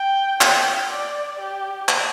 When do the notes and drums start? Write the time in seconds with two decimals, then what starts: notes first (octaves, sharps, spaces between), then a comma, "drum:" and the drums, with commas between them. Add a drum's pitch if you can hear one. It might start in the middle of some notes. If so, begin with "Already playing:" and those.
Already playing: G5
0.41 G5, drum: clap
0.90 D5
1.39 G4
1.88 drum: clap